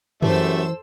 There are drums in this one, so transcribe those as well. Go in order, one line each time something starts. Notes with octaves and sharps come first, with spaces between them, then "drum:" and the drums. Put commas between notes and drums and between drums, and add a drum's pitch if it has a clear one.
F#2 E3 G3 A3 A4 C5 E5 E6, drum: tom F#2